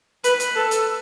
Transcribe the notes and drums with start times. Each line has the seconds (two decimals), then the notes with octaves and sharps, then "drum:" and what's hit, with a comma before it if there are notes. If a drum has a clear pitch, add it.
0.24 B4, drum: hi-hat
0.40 drum: hi-hat
0.55 A4
0.71 drum: hi-hat